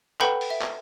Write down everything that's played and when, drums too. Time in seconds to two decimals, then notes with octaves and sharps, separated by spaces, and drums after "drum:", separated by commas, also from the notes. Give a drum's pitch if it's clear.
0.21 A4 B4 F#5 G5 B5 G6, drum: clap
0.41 drum: open hi-hat
0.50 E5
0.62 drum: clap